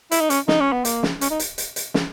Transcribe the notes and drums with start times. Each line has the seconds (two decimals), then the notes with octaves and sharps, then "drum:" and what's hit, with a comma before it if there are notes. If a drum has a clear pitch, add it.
0.11 E4, drum: hi-hat
0.21 D#4
0.30 C#4, drum: hi-hat
0.48 D#4, drum: snare
0.61 C#4
0.73 B3
0.85 A#3, drum: hi-hat
1.03 drum: snare
1.21 C#4, drum: hi-hat
1.30 D#4
1.40 drum: hi-hat
1.58 drum: hi-hat
1.76 drum: hi-hat
1.94 drum: snare